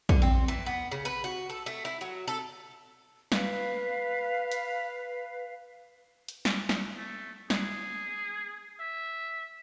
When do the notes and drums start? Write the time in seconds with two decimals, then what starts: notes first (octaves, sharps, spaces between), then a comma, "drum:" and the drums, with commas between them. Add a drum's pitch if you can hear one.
0.09 D3, drum: kick
0.22 C4
0.48 E3
0.66 B3
0.92 C#3
1.05 B4
1.24 F#4
1.50 A4
1.66 A3
1.85 E4
2.01 F#3
2.28 A4
3.32 B4 F5, drum: snare
4.51 drum: hi-hat
6.28 drum: hi-hat
6.45 drum: snare
6.69 drum: snare
6.97 A3
7.50 G#4, drum: snare
8.80 E5